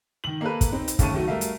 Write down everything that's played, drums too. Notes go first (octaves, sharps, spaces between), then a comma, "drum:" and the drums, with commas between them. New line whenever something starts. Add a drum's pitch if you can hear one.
D#3 F#7
A#3 A4 B4
drum: kick, hi-hat
C4 D#4
drum: hi-hat
D#2 C#3 A3 A5 C#6 D#7, drum: kick, hi-hat
D#3 F#3 A3 F#4
G3 A3 A#4 E5 F5
drum: hi-hat